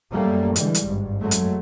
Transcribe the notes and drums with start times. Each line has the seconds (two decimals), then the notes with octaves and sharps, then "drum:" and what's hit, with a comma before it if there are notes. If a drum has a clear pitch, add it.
0.12 F#2 G3 A3 A#3
0.56 D3 E3 G3 G#3, drum: hi-hat
0.74 drum: hi-hat
0.86 G#1 G2
1.21 F#2 F#3 G#3 A3
1.31 drum: hi-hat